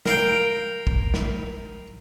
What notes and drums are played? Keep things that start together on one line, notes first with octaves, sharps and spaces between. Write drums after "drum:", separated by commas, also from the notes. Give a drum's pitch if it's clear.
A#4 F5 G5, drum: snare
drum: kick
drum: snare